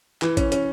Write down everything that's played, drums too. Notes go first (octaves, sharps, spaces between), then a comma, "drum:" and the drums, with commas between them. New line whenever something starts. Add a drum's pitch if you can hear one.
E3, drum: clap
C#4, drum: kick, hi-hat
C#4, drum: hi-hat